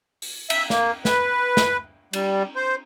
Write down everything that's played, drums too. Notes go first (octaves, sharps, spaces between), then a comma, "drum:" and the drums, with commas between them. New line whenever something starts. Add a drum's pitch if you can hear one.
drum: open hi-hat
E5, drum: cymbal
A#3, drum: snare
B4, drum: snare
drum: snare
G3, drum: cymbal
C5